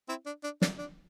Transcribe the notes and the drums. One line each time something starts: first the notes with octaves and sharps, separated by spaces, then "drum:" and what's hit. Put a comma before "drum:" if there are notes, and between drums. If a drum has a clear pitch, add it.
C4 E4
D4
D4
D4, drum: snare
D4